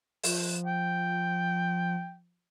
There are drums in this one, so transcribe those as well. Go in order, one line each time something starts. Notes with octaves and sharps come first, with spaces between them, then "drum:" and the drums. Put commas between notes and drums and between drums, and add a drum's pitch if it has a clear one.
F3, drum: open hi-hat
G5